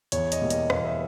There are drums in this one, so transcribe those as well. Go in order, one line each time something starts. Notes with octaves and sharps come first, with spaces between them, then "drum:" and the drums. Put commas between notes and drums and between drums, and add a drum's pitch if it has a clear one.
E2 C#5, drum: hi-hat
D#5, drum: hi-hat
B2 G3 A#3
D#5, drum: hi-hat
E2 F5, drum: rim click
E5